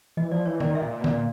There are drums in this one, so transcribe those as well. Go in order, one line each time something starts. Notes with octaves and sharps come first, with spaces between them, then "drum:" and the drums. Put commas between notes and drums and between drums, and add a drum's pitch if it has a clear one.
E3 D#5
F3 D5
E3 C#5
D#3 D5, drum: tom D3
E5
A#2 D#5
B2
A#2 D5, drum: tom D3